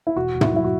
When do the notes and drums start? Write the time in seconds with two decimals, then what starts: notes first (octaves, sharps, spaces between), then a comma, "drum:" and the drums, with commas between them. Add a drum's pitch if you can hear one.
0.07 E4
0.16 E1 F#4
0.35 E1
0.41 E4, drum: tom
0.52 F#3 E4
0.64 F#4